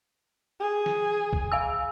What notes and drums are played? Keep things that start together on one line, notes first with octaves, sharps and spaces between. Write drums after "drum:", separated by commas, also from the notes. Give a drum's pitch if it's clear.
G#4
drum: snare
drum: kick C2
F5 G#5 E6